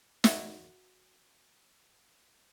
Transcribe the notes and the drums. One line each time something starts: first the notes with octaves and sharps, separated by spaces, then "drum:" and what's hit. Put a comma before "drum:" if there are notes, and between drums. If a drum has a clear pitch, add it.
F#4 E5, drum: snare